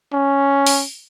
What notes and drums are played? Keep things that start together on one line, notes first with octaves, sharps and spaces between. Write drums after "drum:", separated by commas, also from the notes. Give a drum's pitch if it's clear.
C#4
drum: open hi-hat